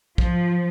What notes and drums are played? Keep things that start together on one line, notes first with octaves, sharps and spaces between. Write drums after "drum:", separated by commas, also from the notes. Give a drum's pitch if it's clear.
F3, drum: kick